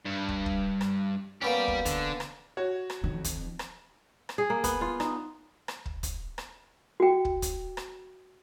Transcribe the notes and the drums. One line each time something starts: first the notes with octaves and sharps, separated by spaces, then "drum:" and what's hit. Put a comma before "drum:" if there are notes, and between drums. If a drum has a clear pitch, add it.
G2
drum: kick
drum: kick
drum: rim click
A#3 B3 C#4 G4 D5
drum: kick
D3, drum: kick, hi-hat
drum: rim click
F#4 C#5
drum: rim click
F2 D#3
drum: kick, hi-hat
drum: rim click
drum: rim click
G#4
A#3
B3, drum: kick, hi-hat
F4
D#4, drum: rim click
drum: rim click
drum: kick
drum: kick, hi-hat
drum: rim click
F#4 G5
drum: kick
drum: kick, hi-hat
drum: rim click